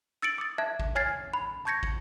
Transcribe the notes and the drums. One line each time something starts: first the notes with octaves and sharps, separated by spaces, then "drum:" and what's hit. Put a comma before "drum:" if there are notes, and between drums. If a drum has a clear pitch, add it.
E6 A6 C#7 D7 F#7
D6 D#6 A6
E5 A5 F#6 G#6
drum: kick
C#5 G#5 F6 G#6 A6 C7
B5
A5 C#6 G6 G#6 A#6 C#7
drum: kick